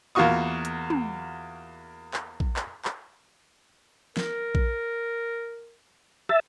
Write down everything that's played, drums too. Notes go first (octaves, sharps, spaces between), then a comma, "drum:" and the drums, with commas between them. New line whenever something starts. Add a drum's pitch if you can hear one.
E2 A#3 F4 F#4 C#6 D#6
drum: hi-hat
drum: tom
drum: clap
drum: kick A#1
drum: clap
drum: clap
A#4, drum: snare
drum: kick A#1
E5 A5, drum: rim click